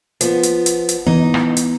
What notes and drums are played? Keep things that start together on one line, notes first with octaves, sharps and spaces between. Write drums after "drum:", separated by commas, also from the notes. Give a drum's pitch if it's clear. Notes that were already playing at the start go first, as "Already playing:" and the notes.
F3 B3, drum: hi-hat
drum: hi-hat
drum: hi-hat
drum: hi-hat
E3 B3 D#4
drum: rim click
drum: hi-hat